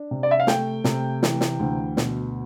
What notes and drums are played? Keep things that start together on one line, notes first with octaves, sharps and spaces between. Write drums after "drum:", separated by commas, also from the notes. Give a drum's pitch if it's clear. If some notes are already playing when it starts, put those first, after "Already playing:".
Already playing: D4
C3
D5
E5
F5
A3 G5, drum: snare
C3, drum: snare
E3, drum: snare
drum: snare
D2
B2, drum: snare